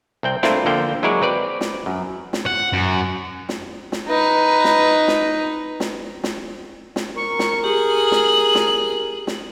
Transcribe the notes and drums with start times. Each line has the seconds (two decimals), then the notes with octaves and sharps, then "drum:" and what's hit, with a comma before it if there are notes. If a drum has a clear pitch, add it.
0.23 C2 C4 G5
0.43 A3 C4 D4 E4 F4 A#4, drum: snare
0.66 D3 F3 A#3 G5
1.03 F#3 G#3 E4 A#4 C#5 D5
1.22 C4 B4 D5
1.61 drum: snare
1.86 F#2
2.33 drum: snare
2.46 F#5
2.73 F#2
3.49 drum: snare
3.92 drum: snare
4.09 D#4 B4
4.64 drum: snare
5.08 drum: snare
5.80 drum: snare
6.24 drum: snare
6.96 drum: snare
7.16 A#4 C#6
7.39 drum: snare
7.64 G4 G#4 F#7
8.12 drum: snare
8.55 drum: snare
9.27 drum: snare